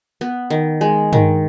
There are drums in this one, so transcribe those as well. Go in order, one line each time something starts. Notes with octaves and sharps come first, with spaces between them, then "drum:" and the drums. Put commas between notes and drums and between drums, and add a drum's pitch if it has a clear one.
B3
D#3
G#3
D#3, drum: tom G2